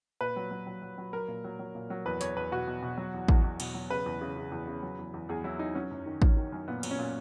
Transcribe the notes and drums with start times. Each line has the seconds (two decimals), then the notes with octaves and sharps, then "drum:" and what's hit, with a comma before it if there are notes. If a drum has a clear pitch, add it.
0.21 A#2 B4
0.36 F#3
0.51 F#3
0.67 F#3
0.82 F#3
0.98 F#3
1.13 F#3 A#4
1.28 A#2
1.44 F#3
1.59 F#3
1.75 A#2
1.90 F#3
2.06 E2 B4
2.21 E2 C#5, drum: hi-hat
2.36 E2 B4
2.52 B2 F#4
2.68 B2
2.82 B2
2.98 F#3
3.14 E2
3.28 E2, drum: kick A1
3.44 E2
3.60 B2, drum: cymbal
3.74 F#3
3.90 C#3 B4
4.06 E2
4.21 C#3
4.37 C#3
4.52 E2
4.67 C#3
4.83 F#3
4.99 E2
5.14 E2
5.29 E2 G#4
5.44 F#3 E4
5.59 F#3 D#4
5.75 F#3 C#4
5.91 F#2
6.06 D#3
6.22 F#3, drum: kick A1
6.37 D#3
6.52 F#2
6.68 A#2 B3
6.83 F#3, drum: cymbal
6.91 C#4
6.99 A#2